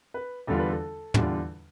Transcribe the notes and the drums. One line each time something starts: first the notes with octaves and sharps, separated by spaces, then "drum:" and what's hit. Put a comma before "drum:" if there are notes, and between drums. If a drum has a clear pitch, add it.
B4
E2 D3 G3 D4 F4 A4
B4
A4
E2 D3 G3 D4 F4, drum: tom